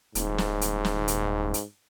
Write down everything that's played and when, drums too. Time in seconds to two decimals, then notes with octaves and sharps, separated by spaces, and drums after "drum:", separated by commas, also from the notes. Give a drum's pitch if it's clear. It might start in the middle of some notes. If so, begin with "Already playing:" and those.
0.15 D#1 G#2, drum: hi-hat
0.38 drum: snare
0.61 drum: hi-hat
0.85 drum: snare
1.08 drum: hi-hat
1.54 drum: hi-hat